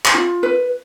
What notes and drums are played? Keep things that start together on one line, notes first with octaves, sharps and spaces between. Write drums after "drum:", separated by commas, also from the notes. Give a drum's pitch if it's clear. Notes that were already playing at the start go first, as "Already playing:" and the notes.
drum: clap
F4
B4